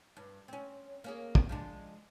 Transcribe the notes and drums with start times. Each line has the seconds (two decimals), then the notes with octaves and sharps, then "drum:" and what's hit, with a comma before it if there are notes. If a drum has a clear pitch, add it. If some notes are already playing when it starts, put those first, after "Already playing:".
0.17 G2
0.48 C4 C#4
1.04 A#3 C#4 G#4
1.35 drum: kick
1.49 F3 G#3 D4